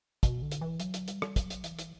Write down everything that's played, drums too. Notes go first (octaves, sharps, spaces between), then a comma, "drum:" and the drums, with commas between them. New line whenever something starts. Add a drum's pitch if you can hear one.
B2, drum: kick, hi-hat
D3
drum: hi-hat
E3
F#3, drum: hi-hat
drum: hi-hat
G3, drum: hi-hat
drum: rim click
F#3, drum: kick, hi-hat
drum: hi-hat
E3, drum: hi-hat
drum: hi-hat